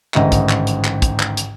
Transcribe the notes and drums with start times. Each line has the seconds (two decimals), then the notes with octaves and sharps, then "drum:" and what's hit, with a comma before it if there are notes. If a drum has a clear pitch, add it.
0.14 A1 G#2 D3 D#3 D#5 E5, drum: clap
0.32 drum: kick, hi-hat
0.49 drum: clap
0.67 drum: hi-hat
0.85 drum: clap
1.02 drum: kick, hi-hat
1.20 drum: clap
1.37 drum: hi-hat